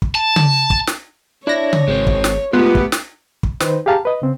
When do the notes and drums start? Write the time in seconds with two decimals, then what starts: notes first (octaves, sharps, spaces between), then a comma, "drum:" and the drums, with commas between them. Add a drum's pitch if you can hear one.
0.02 drum: kick
0.15 A5
0.36 drum: tom C#3
0.70 drum: kick
0.87 drum: snare
1.47 D4 E4 C#5 A#6
1.73 drum: tom C#3
1.88 G#1 G#3 C4
2.07 drum: kick
2.24 drum: snare
2.53 G#3 A3 B3 F4 G4
2.75 drum: kick
2.92 drum: snare
3.43 drum: kick
3.60 D#3 D#4 B4 C5, drum: snare
3.86 G4 G#4 F5 A5 A#5
4.05 B4 D#5
4.22 C#3 C4